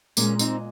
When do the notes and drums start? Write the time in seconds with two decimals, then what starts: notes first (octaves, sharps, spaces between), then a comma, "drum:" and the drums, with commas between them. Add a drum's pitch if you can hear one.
0.17 A#2 G#3 A#3 C#4, drum: tambourine
0.39 C4 D#4, drum: tambourine